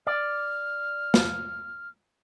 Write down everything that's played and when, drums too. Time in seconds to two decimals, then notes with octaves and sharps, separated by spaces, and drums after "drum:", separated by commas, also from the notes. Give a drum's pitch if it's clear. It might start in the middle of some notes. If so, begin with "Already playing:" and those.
0.07 D5 F6
1.14 drum: snare